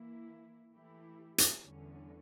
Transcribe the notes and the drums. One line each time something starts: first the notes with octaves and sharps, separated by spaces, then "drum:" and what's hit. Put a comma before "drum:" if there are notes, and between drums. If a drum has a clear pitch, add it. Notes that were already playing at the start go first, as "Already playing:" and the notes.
Already playing: E3 A#3 E4
E3 A3 E4 G4
drum: hi-hat
E2 D3 G3 C#4